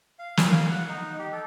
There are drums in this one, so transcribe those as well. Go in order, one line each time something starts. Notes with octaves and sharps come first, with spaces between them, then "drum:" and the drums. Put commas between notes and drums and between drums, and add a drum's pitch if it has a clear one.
F5
drum: snare
F5
F#5
D#4
G4
A4